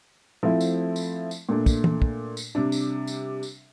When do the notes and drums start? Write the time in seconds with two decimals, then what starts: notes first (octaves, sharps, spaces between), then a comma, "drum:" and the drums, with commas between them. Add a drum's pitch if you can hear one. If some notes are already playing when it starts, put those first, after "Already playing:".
0.43 F3 A3 C4 E4
0.61 drum: tambourine
0.96 drum: tambourine
1.31 drum: tambourine
1.49 A#2 A3 D4
1.66 drum: kick, tambourine
1.84 drum: tom
2.02 drum: kick
2.37 drum: tambourine
2.55 C3 G3 D4
2.72 drum: tambourine
3.07 drum: tambourine
3.43 drum: tambourine